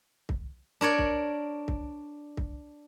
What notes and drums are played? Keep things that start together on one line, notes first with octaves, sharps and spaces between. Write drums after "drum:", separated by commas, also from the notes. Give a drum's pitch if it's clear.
drum: kick
D4 A#4 C#5 D5
drum: kick
drum: kick
drum: kick